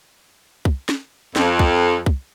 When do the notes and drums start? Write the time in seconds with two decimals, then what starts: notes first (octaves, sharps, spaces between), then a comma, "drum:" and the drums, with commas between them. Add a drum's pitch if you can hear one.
0.65 drum: kick
0.89 drum: snare
1.36 F2, drum: snare
1.59 drum: kick
2.06 drum: kick